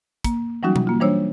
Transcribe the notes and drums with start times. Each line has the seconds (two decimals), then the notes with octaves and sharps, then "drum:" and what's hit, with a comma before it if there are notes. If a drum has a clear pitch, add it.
0.24 A#3, drum: kick, hi-hat
0.63 E3 F#3 G3 C#4 D#4 F#4
0.76 drum: tom B2
0.87 A#3 F4
1.01 E3 G3 D4 C5 C#5 E6